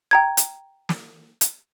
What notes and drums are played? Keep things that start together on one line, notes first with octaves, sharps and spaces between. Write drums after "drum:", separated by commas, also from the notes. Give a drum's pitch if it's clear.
G5 A#5 G#6
drum: hi-hat
drum: snare
drum: hi-hat